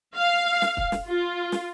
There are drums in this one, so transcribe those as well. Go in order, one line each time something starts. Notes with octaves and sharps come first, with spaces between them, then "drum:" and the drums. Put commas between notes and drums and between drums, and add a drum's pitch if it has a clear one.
F5
drum: snare
drum: kick
drum: snare
F4
drum: snare